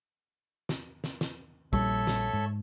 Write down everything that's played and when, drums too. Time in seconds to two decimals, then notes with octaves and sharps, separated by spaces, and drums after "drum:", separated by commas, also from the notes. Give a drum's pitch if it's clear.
0.69 drum: snare
1.04 drum: snare
1.21 drum: snare
1.73 A#1 G3 A4 C#5 E5, drum: kick
2.07 drum: snare
2.33 G#2